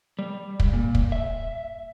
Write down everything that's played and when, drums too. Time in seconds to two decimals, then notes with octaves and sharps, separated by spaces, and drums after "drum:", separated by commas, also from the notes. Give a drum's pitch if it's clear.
0.19 G3
0.60 drum: kick
0.73 A#2
0.95 drum: kick
1.12 E5